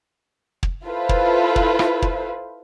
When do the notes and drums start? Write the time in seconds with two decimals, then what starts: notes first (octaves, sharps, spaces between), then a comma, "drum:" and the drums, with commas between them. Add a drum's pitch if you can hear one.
0.63 drum: kick
0.86 E4 F4 A4 B4 C5
1.09 drum: kick
1.56 drum: kick
1.79 drum: rim click
2.02 drum: kick